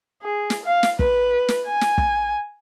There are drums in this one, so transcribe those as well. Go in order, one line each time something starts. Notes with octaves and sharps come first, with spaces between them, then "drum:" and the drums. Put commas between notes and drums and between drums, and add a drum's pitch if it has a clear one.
G#4
drum: snare
F5
drum: snare
B4, drum: kick
drum: snare
G#5
drum: snare
drum: kick